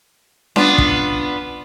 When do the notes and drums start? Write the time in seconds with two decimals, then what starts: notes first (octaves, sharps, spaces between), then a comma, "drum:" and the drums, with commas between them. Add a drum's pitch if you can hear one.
0.56 B3 D4 F4, drum: snare C#4
0.78 drum: kick